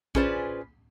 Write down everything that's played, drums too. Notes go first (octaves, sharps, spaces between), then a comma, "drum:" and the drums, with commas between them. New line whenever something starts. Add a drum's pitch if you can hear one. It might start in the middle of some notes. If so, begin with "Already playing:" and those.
C#4 F4 G#4 B4 C5 D5, drum: kick A#1